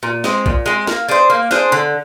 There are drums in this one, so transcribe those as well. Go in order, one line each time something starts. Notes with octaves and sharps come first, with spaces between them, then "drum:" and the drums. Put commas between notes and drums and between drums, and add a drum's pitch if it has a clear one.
A#2
G#3 C4, drum: snare
A#2, drum: kick
G#3 C4
A#3, drum: snare
D4 G#4 C5
A#3
D4 G#4 C5, drum: snare
D3